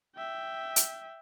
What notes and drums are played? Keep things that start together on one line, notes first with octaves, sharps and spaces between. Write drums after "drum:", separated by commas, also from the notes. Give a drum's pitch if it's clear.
E5 G5
drum: hi-hat